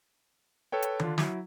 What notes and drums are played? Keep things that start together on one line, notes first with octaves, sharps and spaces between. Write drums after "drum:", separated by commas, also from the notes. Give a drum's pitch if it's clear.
A4 B4 C#5 G5
drum: hi-hat
D3 D4 F4, drum: tom D#3
F#3 E4, drum: snare